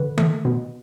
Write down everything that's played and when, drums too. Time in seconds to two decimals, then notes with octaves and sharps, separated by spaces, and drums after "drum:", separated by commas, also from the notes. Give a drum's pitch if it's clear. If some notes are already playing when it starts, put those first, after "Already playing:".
Already playing: D3 B4
0.18 A3, drum: tom D#3
0.45 B2